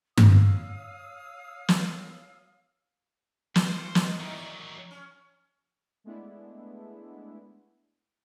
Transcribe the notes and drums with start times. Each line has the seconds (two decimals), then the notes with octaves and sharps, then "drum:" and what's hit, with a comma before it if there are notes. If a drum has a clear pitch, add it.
0.18 C#5 F5 D#6 E6, drum: tom G2
1.68 drum: snare
3.56 C5, drum: snare
3.73 E3 G3 F#4
3.95 B3 C4 D#4, drum: snare
4.21 D#3 F#3 G3 D#4 E4
4.33 E3 D5
4.91 C#4
6.04 G#3 A3 B3 D4 E4